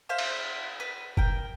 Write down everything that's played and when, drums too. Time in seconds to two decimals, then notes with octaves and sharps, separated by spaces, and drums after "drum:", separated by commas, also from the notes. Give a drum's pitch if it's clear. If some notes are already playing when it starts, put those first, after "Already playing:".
0.09 C5 E5 F5 C6
0.18 drum: cymbal
0.80 B4
1.17 A#4 G5, drum: kick F#1